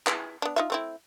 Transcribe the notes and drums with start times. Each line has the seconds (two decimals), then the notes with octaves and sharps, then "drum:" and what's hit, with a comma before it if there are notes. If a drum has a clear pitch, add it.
0.07 E3 G#4, drum: clap
0.42 B3 D4
0.56 D#4 F4 E5
0.70 A3 C4 E4